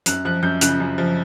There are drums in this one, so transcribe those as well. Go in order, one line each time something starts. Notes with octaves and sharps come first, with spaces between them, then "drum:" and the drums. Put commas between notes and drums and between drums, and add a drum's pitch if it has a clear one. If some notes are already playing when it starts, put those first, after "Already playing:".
F#2 F#6, drum: hi-hat
F3 F#6
F#2 G6
C#3 F#6, drum: hi-hat
F#2
F3